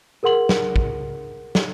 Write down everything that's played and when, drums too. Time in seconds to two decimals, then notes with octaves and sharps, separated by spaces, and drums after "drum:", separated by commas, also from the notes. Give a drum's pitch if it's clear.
0.23 G#4 A#4 F#5 C6 F#7
0.49 drum: snare
0.76 drum: kick
1.55 drum: snare